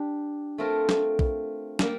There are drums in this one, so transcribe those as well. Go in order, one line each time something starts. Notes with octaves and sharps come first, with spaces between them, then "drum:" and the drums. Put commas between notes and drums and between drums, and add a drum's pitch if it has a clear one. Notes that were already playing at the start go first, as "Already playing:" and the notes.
Already playing: D4 G4
A3 C4 F4 A#4
drum: snare
drum: kick
G3 A#3, drum: snare